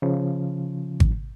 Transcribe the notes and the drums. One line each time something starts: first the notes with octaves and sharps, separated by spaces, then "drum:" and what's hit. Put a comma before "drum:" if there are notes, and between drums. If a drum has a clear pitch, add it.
C#3 F3
drum: kick G#1